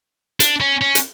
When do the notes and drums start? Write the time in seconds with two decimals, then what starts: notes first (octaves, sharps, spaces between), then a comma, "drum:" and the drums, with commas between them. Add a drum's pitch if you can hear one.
0.40 D4, drum: hi-hat
0.61 C#4
0.81 C#4
0.95 drum: hi-hat